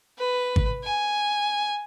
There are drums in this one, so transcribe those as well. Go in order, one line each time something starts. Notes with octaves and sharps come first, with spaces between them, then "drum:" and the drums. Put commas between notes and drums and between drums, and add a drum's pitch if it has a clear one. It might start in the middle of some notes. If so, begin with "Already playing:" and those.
B4
drum: kick
G#5